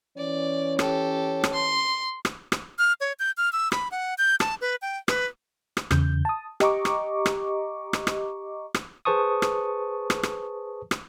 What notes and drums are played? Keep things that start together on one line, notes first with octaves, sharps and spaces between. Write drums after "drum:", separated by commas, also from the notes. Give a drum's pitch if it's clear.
E3 C#4 C#5 D5
G4 A4, drum: rim click
drum: rim click
C6
drum: rim click
drum: rim click
F6
C#5
G6
F6
E6
B5, drum: rim click
F#5
G6
A5, drum: rim click
B4
G5
B4, drum: rim click
drum: rim click
E2 C#3 G6, drum: rim click
A5 D#6
G4 D#5 A#5 C#6 D6, drum: rim click
drum: rim click
drum: rim click
drum: rim click
drum: rim click
drum: rim click
G#4 B4 C5 A5 C#6 D#6
drum: rim click
drum: rim click
drum: rim click
drum: rim click